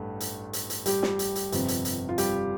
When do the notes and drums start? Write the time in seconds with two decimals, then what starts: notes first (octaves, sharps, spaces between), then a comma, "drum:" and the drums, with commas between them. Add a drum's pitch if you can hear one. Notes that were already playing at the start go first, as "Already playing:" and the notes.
Already playing: A1 G2 A3
0.20 drum: hi-hat
0.53 drum: hi-hat
0.70 drum: hi-hat
0.86 G3 G4, drum: hi-hat
1.03 drum: snare
1.19 drum: hi-hat
1.35 drum: hi-hat
1.52 G1 F2 C3, drum: hi-hat
1.68 drum: hi-hat
1.85 drum: hi-hat
2.09 F4
2.18 G3 G4, drum: hi-hat